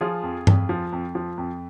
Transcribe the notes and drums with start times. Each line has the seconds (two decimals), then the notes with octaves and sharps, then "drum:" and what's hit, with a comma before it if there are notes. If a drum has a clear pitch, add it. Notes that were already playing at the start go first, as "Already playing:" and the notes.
0.01 F3 F4 G#4
0.23 F2
0.47 F2, drum: tom G2
0.69 F3
0.92 F2
1.15 F3
1.38 F2